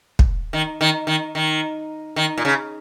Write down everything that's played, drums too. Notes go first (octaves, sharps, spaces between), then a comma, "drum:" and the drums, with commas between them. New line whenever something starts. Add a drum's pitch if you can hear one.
drum: kick
D#3
D#3
D#3
D#3
D#3
A#2
C#3